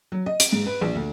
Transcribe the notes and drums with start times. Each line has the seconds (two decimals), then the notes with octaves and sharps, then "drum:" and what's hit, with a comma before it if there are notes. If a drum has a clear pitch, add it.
0.12 F#3
0.26 D#5
0.40 D7, drum: hi-hat
0.52 G#2
0.66 B4
0.81 A#1
0.95 D2